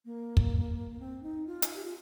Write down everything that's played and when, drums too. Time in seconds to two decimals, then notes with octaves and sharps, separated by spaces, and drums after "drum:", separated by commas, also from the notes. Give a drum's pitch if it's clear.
0.05 A#3
0.37 drum: kick
1.00 C4
1.23 D#4
1.47 F4
1.62 drum: hi-hat
1.75 G4
1.85 F4